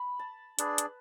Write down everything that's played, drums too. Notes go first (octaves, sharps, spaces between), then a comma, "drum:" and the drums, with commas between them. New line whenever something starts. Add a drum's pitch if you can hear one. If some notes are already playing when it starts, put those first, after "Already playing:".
Already playing: B5
A5
D4 G#4 B4 D5, drum: hi-hat
drum: hi-hat